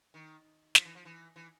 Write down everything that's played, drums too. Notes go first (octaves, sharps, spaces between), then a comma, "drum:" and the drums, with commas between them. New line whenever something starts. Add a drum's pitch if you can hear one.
D#3
F3, drum: snare
E3
F3
E3
E3